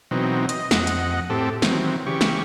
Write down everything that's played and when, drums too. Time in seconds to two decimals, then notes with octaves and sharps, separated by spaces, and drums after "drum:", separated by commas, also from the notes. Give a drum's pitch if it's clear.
0.11 B2 E3 F#3 C4 D#4
0.49 D#5, drum: hi-hat
0.71 F2 D#5 F#5, drum: snare
0.87 drum: hi-hat
1.30 A2 C4 G4 A4
1.62 D#3 E3 F#3 C4, drum: snare
2.06 C#3 E3 G4 C#6
2.21 drum: snare